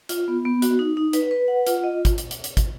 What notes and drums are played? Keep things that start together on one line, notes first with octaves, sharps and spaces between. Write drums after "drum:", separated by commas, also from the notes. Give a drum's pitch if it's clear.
F4, drum: hi-hat
B3
B3
F#4, drum: hi-hat
D#4
D#4
B4, drum: hi-hat
B4
F#5
F4, drum: hi-hat
D#5
drum: kick, hi-hat
drum: hi-hat
drum: hi-hat
drum: hi-hat
drum: kick, hi-hat